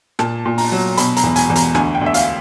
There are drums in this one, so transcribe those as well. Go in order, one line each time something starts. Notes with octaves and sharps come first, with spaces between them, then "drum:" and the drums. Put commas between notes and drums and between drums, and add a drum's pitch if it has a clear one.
A#2 A5, drum: rim click
A#2
A#5, drum: open hi-hat
F#3
B2 B5, drum: hi-hat
A#5, drum: hi-hat
E2
G#5, drum: hi-hat
E2
A#5, drum: hi-hat
D2 G#5, drum: rim click
G5
D2
E5
F5, drum: hi-hat